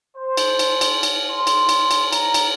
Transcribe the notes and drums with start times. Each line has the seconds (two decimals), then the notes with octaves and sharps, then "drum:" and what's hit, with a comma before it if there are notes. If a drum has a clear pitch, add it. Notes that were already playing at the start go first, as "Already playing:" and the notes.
0.17 C5
0.37 drum: cymbal
0.59 drum: cymbal
0.81 drum: cymbal
1.03 drum: cymbal
1.30 C6
1.47 drum: cymbal
1.69 drum: cymbal
1.91 drum: cymbal
2.13 A#5, drum: cymbal
2.34 drum: cymbal